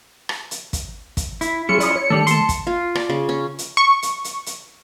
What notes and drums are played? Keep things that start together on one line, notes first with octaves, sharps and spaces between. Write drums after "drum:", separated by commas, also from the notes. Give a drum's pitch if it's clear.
drum: rim click
drum: hi-hat
drum: kick, hi-hat
drum: kick, hi-hat
E4, drum: hi-hat
F#3 C#4 E4 F4 G#4 C#7
D5 B5 D#6, drum: hi-hat
C#5
D#3 G3 A3 D4 A4
A5 C6, drum: hi-hat
drum: kick, hi-hat
F4
D5, drum: rim click
C#3
C#4
drum: hi-hat
C#6
drum: hi-hat
drum: hi-hat
drum: hi-hat